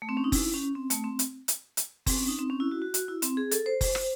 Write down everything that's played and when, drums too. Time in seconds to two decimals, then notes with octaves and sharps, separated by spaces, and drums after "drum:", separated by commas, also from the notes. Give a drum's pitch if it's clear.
0.02 A3
0.09 C4
0.17 C#4
0.24 D#4
0.32 E4, drum: kick F#1, open hi-hat
0.54 C#4
0.75 C4
0.90 A3, drum: hi-hat
1.04 C4
1.19 drum: hi-hat
1.48 drum: hi-hat
1.77 drum: hi-hat
2.06 C4, drum: kick F#1, open hi-hat
2.17 C#4
2.28 D#4
2.39 C4
2.50 C#4
2.60 E4
2.71 F#4
2.82 F#4
2.94 F#4, drum: hi-hat
3.08 E4
3.22 C4, drum: hi-hat
3.37 G#4
3.51 A4, drum: hi-hat
3.66 C5
3.81 C5, drum: kick F#1, open hi-hat
3.95 C5, drum: rim click